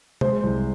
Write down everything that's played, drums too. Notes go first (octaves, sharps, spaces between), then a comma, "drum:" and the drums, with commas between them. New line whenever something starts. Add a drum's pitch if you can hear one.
G#3 C5, drum: tom C3
C2